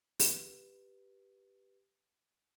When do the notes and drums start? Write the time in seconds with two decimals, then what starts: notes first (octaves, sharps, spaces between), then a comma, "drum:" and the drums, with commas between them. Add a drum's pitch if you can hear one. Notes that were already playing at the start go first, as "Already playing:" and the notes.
0.20 G4 B4, drum: open hi-hat